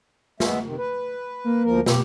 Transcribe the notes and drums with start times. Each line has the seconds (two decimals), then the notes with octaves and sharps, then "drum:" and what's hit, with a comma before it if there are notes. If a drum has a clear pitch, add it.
0.40 G#3 B3 E5, drum: snare
0.64 C3 D#3
0.78 B4
1.44 A#3
1.65 D2 F3 A#4
1.86 B2 G4, drum: snare